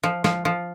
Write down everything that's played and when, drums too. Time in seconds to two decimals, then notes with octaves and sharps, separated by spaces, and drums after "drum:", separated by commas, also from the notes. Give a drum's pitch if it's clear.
0.03 F3
0.24 F3, drum: snare
0.45 F3